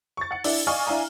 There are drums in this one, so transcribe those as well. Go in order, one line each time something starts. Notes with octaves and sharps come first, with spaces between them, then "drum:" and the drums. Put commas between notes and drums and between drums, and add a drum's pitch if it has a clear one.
C#6 A6
F#5 C#7
D4 E4, drum: open hi-hat
D5 D#5 F5 G#5 C#6 F6
D4 E4 F5 G#5 A#5